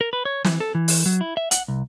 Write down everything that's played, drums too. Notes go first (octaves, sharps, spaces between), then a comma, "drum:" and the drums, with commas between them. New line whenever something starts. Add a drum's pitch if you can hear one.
A#4
B4
C#5
E3, drum: snare
A4
E3
drum: open hi-hat
F#3
E4
E5
F#5, drum: hi-hat
C2